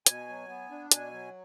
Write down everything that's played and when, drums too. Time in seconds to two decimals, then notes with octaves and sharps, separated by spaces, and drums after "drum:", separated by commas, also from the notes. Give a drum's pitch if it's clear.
0.06 B2 G#5, drum: hi-hat
0.28 F#3
0.49 B3
0.71 D4
0.91 B2 G#5, drum: hi-hat
1.12 F#3